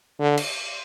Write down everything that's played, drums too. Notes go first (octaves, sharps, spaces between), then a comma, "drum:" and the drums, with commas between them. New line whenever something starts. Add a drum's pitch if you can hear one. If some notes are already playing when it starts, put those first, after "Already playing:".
D3
drum: cymbal